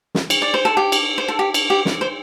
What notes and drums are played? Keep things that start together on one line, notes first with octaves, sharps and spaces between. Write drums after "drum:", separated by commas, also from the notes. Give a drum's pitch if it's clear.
drum: snare
drum: cymbal
D5
C5
A4
G4
drum: cymbal
C5
A4
G4
drum: cymbal
G4
drum: snare
C5